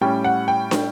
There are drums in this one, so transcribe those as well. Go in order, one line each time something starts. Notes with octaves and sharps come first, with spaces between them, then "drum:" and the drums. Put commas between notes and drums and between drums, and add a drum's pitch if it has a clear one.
A2 G3 C#4 G5
F#5
G5
drum: snare